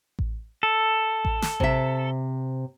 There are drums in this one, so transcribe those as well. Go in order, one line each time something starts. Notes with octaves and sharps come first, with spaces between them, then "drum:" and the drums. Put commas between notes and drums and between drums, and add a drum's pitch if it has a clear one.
drum: kick A1
A4
drum: kick A1
drum: snare
C3 E5, drum: kick A1